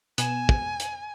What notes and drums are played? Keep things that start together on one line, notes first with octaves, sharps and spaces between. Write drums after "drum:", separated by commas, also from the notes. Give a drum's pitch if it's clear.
B2 B3 G#5 E7, drum: hi-hat
drum: kick
drum: hi-hat